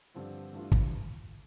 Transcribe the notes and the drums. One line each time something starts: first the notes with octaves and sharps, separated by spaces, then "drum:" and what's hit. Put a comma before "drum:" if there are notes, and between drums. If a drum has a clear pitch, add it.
G2 D3 F3 C4 F4
G2 E3 A3 D4 F4
drum: kick